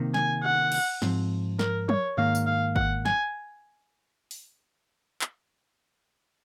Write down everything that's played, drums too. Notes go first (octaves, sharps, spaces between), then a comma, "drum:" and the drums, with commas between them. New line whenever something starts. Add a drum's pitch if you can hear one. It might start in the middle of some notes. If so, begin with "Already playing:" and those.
Already playing: C3 D#3 A#3
G#5, drum: snare
F#5
drum: cymbal
G#2 F3 C4, drum: snare
A#4, drum: snare
C#5, drum: tom
G#2 D#3 A#3 F5
drum: tambourine
F5
F#5, drum: kick
G#5, drum: snare
drum: open hi-hat
drum: clap